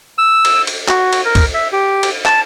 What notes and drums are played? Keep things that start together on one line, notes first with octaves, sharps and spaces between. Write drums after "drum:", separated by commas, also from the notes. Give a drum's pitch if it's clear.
E6
drum: cymbal
drum: cymbal
F#4, drum: clap
drum: cymbal
A#4
drum: kick C#2, cymbal
E5
G4
drum: cymbal
A5, drum: clap